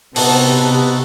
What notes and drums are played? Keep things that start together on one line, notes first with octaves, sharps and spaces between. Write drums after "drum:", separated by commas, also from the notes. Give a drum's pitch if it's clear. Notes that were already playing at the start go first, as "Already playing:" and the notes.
C3 B3 D#4 F#4 A4 A5, drum: open hi-hat